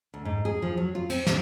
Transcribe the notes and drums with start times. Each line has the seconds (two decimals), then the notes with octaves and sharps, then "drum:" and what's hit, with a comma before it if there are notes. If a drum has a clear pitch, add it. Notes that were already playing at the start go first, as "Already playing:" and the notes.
0.14 D2
0.25 G#2
0.45 G#4
0.62 F3
0.77 F#3
0.95 F4
1.10 C4, drum: cymbal
1.27 C4, drum: snare